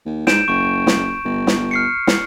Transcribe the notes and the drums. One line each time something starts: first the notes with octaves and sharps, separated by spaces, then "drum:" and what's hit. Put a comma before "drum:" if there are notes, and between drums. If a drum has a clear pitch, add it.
D#2
G#2 G6 D7 E7, drum: snare
F#1 C#6
drum: snare
G1
drum: snare
F6 C7 C#7
drum: snare